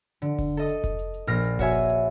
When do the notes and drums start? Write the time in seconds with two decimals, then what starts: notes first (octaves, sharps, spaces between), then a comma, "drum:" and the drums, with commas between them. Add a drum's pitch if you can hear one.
0.22 D3, drum: hi-hat
0.38 drum: kick F1, open hi-hat
0.57 A4 D#5
0.69 drum: hi-hat
0.84 drum: kick F1, hi-hat
0.99 drum: hi-hat
1.14 drum: hi-hat
1.27 A#1 A#2 F6 A#6, drum: hi-hat
1.44 drum: hi-hat
1.59 F#4 C#5 E5 G#5, drum: kick F1, open hi-hat
1.74 drum: hi-hat
1.89 drum: hi-hat